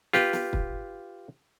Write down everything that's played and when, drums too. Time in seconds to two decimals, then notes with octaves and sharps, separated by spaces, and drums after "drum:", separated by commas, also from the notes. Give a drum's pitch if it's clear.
0.13 F4 G4 B4, drum: snare
0.33 drum: snare
0.53 drum: kick